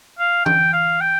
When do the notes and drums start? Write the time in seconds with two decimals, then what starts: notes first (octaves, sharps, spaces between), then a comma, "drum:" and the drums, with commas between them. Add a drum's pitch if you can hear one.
0.19 F5
0.46 G5, drum: tom E3
0.73 F5
1.01 G5